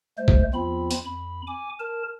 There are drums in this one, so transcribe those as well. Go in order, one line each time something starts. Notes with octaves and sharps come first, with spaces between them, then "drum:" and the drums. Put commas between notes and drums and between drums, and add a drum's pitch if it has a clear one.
G#3 A3 C5
drum: kick B1
E2 F3 C4 F4 B5
drum: hi-hat
F2 B5
G#5 D6
A#4 A5